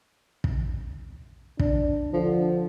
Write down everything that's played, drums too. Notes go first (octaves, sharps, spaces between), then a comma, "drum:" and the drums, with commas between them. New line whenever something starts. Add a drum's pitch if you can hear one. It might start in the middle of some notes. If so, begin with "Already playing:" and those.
drum: kick
D4, drum: kick
D3 F3